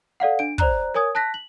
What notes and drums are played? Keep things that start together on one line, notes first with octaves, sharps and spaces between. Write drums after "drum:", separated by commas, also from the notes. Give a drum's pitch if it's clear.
A4 D5 F5 F#5
D4 D7
C5 D5 A#5 F#6, drum: kick
A#4 C#5 G#5 D#6 G#6
A5 F#6 A#6 B6
F#7